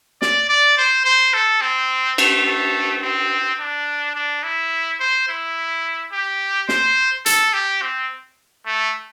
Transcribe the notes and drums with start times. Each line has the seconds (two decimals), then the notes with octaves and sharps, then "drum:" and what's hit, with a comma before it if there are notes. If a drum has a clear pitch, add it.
0.22 D5, drum: snare
0.49 D5
0.78 C5
1.05 C5
1.34 A4
1.62 C4
2.18 A3, drum: cymbal
2.46 A3
3.03 C4
3.60 D4
4.15 D4
4.43 E4
5.00 C5
5.28 E4
6.13 G4
6.69 C5, drum: snare
7.26 A4, drum: hi-hat
7.54 G4
7.82 C4
8.66 A3